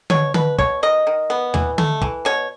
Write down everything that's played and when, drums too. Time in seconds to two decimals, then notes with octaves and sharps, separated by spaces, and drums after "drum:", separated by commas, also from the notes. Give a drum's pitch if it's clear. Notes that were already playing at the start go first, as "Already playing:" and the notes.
0.10 B2 C#5, drum: tom D3
0.34 B2 B4, drum: tom D3
0.58 B2 C#5, drum: kick
0.83 D#3 D#5
1.07 D#3
1.30 B3
1.54 E3, drum: tom D#2
1.78 A3, drum: tom D3
2.02 E3, drum: kick
2.25 B2 C#5